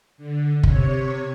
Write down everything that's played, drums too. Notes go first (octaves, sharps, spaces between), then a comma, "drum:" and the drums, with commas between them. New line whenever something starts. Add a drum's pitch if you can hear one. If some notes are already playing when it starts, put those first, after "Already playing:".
D3
C3 C#5, drum: kick